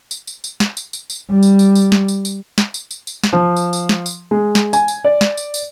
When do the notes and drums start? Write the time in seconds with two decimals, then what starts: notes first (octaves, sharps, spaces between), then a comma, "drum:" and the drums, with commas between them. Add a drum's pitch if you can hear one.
0.11 drum: tambourine
0.27 drum: tambourine
0.44 drum: tambourine
0.60 drum: snare
0.77 drum: tambourine
0.93 drum: tambourine
1.10 drum: tambourine
1.31 G3
1.43 drum: tambourine
1.59 drum: tambourine
1.75 drum: tambourine
1.92 drum: snare
2.08 drum: tambourine
2.25 drum: tambourine
2.58 drum: snare
2.74 drum: tambourine
2.91 drum: tambourine
3.07 drum: tambourine
3.24 drum: snare
3.33 F3
3.56 drum: tambourine
3.73 drum: tambourine
3.89 drum: snare
4.06 drum: tambourine
4.31 G#3
4.55 drum: snare
4.73 G#5, drum: tambourine
4.88 drum: tambourine
5.05 D5
5.21 drum: snare
5.37 drum: tambourine
5.54 drum: tambourine